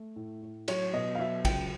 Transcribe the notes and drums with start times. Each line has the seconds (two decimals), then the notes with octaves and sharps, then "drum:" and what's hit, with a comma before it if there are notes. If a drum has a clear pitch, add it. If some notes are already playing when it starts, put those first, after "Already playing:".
Already playing: A3
0.16 A2
0.43 A2
0.68 F#3 C#5, drum: cymbal
0.93 B2 D#5
1.15 F5
1.19 F#3 E5
1.45 C#2 G5, drum: kick, cymbal